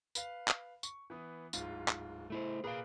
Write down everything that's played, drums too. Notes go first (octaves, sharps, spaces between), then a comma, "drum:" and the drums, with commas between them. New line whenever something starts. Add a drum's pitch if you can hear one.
B4 F5, drum: tambourine
drum: clap
C#6, drum: tambourine
E3 B3 D#6
D1 G#2 F4, drum: tambourine
drum: clap
A3 E4 C5
A#2 G#4 A#4 B4 F5